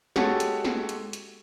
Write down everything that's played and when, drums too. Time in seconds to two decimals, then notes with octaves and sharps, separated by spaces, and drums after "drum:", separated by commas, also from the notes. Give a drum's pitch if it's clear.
0.16 G#3 F#4 G4 A4 C#5 F#5, drum: snare
0.40 drum: hi-hat
0.65 drum: snare
0.89 drum: hi-hat
1.13 drum: hi-hat